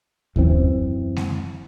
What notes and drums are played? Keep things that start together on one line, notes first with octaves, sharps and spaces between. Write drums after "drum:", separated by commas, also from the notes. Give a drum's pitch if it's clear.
F#2 E3 C4, drum: kick D#2
drum: snare G#3